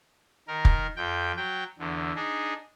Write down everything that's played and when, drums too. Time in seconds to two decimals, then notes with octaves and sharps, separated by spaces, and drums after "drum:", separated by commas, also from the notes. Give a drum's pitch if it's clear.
0.48 D#3 A#4
0.65 drum: kick
0.96 F2 G5
1.37 F#3 G5
1.79 E2 D3
2.16 D4 D#4 G#4